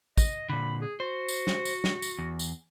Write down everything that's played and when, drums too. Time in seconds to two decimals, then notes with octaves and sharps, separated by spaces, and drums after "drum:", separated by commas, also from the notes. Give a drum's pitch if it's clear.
0.17 D#5, drum: kick, tambourine
0.49 A#2 D3 B5
0.81 G#4
1.00 F#4 C5
1.28 drum: tambourine
1.47 drum: snare
1.65 drum: tambourine
1.84 drum: snare
2.02 drum: tambourine
2.19 E2
2.39 drum: tambourine